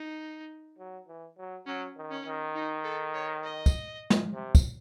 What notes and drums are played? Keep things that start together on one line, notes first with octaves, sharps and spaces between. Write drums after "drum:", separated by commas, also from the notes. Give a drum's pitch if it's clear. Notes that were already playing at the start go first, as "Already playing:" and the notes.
Already playing: D#4
F#3
E3
F#3
F#3 C#4
D#3
C#4
D#3
D#4
A4
C#5
D#5
drum: kick, tambourine
drum: snare
C3
drum: kick, tambourine